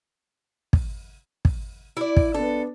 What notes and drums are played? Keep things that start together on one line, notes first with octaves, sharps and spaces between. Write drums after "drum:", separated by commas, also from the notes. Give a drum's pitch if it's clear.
drum: kick
drum: kick
E4 D5
drum: kick
B3 D4 A4